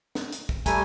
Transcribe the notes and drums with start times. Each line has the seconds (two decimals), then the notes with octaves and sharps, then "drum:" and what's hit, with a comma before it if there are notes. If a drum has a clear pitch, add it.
0.15 drum: snare
0.32 drum: hi-hat
0.49 drum: kick
0.66 G3 A3 G#5 A#5, drum: kick, hi-hat